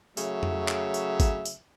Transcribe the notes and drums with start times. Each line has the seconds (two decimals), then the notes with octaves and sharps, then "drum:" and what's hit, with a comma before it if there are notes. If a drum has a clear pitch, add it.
0.17 C#3 F#3 A3 E5, drum: tambourine
0.43 drum: tom F2
0.68 drum: clap
0.94 drum: tambourine
1.20 drum: kick G#1, tambourine
1.45 drum: tambourine